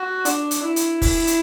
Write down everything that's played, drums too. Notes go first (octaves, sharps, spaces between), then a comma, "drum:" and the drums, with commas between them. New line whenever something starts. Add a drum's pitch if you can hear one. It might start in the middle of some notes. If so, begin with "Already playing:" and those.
Already playing: F#4
D4, drum: hi-hat
drum: hi-hat
E4
drum: hi-hat
drum: kick, open hi-hat
drum: hi-hat